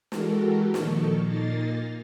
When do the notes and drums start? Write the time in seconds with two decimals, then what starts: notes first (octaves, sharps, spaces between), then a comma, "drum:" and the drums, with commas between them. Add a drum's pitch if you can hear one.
0.12 E3 G#3 F#4 G4 A4 A#4, drum: snare
0.74 A#2 D#3 F3 A4 C#6, drum: snare
1.22 A#2 A#3 D#4 A6 A#6 C7